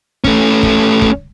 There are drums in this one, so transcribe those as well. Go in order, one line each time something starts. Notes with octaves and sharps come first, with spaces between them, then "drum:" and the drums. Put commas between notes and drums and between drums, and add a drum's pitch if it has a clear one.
A3 C#4, drum: kick
drum: kick
drum: kick